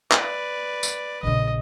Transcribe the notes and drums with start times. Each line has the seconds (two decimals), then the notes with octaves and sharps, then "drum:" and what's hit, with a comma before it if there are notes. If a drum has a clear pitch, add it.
0.11 B4 D5, drum: clap
0.83 drum: tambourine
1.23 A#1 C#3 D#5